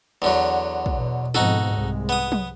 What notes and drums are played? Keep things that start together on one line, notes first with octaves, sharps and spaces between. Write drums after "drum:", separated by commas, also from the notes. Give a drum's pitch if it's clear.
E2 D3 F#3
drum: kick
B2
F2 G#2 B2 D#4 F#4 A4, drum: snare
C2 G#3
B3 D#6
drum: tom